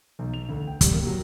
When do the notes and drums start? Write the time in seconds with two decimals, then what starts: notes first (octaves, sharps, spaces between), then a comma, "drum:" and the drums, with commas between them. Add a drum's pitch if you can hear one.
0.19 B1
0.34 F7
0.49 D2
0.67 G5
0.81 G3, drum: kick, hi-hat
0.93 A#3
1.07 F#3